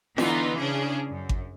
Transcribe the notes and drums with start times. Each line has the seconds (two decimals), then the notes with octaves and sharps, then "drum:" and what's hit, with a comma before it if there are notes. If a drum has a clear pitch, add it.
0.18 D3 E3 B3 D#4 F4, drum: snare
0.58 C#3 C#4 D4 G#4
1.09 F#2
1.29 drum: kick G#1